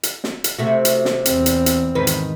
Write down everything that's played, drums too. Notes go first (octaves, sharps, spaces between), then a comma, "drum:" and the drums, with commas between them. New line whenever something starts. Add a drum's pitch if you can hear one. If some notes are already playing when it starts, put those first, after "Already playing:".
drum: hi-hat
drum: snare
drum: hi-hat
C3 A3 F#4
drum: hi-hat
drum: snare
E2 C4, drum: hi-hat
drum: hi-hat
drum: hi-hat
G#2 D#3 B4
drum: hi-hat